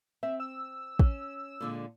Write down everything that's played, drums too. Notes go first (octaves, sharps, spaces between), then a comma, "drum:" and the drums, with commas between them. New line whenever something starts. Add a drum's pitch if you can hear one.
C4 E5
E6
C#4, drum: kick
A#2 D3 G#3